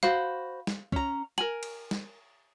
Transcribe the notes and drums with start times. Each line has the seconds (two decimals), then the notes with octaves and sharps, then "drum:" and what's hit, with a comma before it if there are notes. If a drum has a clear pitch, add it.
0.03 F#4 C5 F5 B5
0.67 drum: snare
0.92 C#4 A#5, drum: kick
1.38 A#4 G#5 F#7
1.63 drum: cymbal
1.91 drum: snare